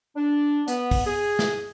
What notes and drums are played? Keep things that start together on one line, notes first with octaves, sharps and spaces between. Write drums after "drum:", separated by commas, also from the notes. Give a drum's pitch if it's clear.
D4
B3, drum: hi-hat
drum: kick, open hi-hat
G#4
drum: snare